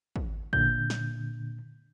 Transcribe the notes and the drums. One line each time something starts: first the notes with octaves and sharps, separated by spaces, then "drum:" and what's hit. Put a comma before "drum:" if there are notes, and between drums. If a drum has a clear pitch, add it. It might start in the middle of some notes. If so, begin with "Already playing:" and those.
drum: kick
A#2 D3 G6, drum: kick
drum: snare